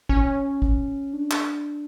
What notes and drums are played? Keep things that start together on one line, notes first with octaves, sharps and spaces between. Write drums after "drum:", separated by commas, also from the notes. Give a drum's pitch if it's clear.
C#4, drum: kick
drum: kick
D4
drum: clap